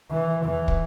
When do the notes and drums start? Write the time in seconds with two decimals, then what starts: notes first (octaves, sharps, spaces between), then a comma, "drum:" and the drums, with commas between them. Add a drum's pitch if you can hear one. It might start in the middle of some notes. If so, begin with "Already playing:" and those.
0.11 E3
0.44 E2 E3
0.68 drum: kick